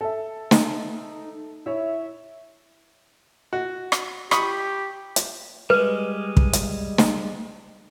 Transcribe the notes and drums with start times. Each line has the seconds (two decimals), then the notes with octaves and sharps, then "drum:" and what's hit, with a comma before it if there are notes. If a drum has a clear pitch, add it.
0.01 A4 E5
0.51 D#4, drum: snare
1.66 E4 C#5 E5
3.53 F#4
3.92 drum: rim click
4.31 G4 B5 C#6 D#6, drum: rim click
5.16 drum: hi-hat
5.70 G3 G#3 B4
6.37 drum: kick
6.53 drum: hi-hat
6.98 drum: snare